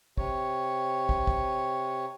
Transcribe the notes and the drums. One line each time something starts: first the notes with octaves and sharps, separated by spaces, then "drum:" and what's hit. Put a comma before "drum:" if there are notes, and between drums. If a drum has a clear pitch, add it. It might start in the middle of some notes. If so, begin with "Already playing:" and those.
C3 C#5, drum: kick
drum: kick
drum: kick